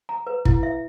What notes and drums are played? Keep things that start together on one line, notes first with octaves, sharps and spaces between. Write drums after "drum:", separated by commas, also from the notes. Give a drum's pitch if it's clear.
A#5
B4
E4, drum: kick
E5